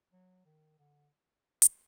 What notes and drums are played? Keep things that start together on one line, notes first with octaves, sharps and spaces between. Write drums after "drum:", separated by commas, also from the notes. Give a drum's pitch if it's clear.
F#3
D#3
D3
drum: hi-hat